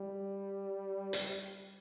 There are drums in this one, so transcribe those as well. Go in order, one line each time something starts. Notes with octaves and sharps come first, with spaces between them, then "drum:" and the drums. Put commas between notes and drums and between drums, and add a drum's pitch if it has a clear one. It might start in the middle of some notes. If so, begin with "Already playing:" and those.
Already playing: G3
drum: hi-hat